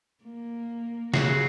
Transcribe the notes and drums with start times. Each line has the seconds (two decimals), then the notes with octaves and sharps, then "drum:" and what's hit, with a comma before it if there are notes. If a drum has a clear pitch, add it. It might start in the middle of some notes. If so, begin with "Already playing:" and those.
0.25 A#3
1.14 C#3 F#3 F#4 C7, drum: snare